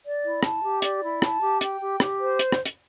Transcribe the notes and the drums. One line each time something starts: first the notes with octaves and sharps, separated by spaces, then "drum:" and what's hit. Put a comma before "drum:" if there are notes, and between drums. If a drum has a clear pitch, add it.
D5
E4
A5, drum: rim click
G4
D5, drum: hi-hat
E4
A5, drum: rim click
G4
G5, drum: hi-hat
G4
G4, drum: rim click
C5
drum: hi-hat
drum: rim click
drum: hi-hat